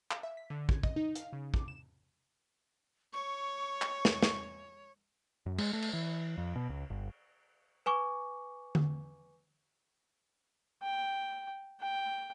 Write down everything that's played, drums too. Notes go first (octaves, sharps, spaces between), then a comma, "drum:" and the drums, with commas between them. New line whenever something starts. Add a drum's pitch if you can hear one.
F5, drum: clap
E5
B6
D3
G#6, drum: kick
D#5, drum: kick
D#4
F5, drum: hi-hat
C#3
D6, drum: kick
E7
C#5 C#6
drum: clap
drum: snare
drum: snare
F#2
G#3, drum: cymbal
A3
drum: cymbal
E3
F2
B2
C#2
G1
B4 G#5 C#6 D6
drum: tom D3
G5
G5